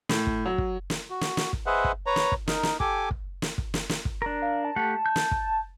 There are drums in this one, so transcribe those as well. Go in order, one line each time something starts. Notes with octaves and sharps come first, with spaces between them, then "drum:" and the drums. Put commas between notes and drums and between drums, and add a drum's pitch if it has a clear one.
A2, drum: snare
drum: kick
F#3
drum: kick
drum: snare
F#4
drum: snare
drum: snare
drum: kick
G#4 B4 C5 D#5 E5 F#5
drum: kick
B4 C#5 A#5
drum: snare
drum: kick
D#4 A#4, drum: snare
drum: snare
G4 A4 G#5 D6, drum: kick
drum: kick
drum: snare
drum: kick
drum: snare
drum: snare
drum: kick
D4 A#4
F5
A5
A3 G4 F#5
G6
drum: snare
drum: kick